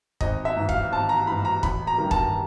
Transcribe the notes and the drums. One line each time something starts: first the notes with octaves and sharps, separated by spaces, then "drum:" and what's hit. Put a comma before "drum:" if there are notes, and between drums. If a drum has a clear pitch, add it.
G#1 D#5, drum: kick
E5
G#2 E3
F5, drum: kick
G#1 A5
A#5
G#2 E3 B5
A#5
A1 B5, drum: kick
A#5
G2 D#3
A5, drum: kick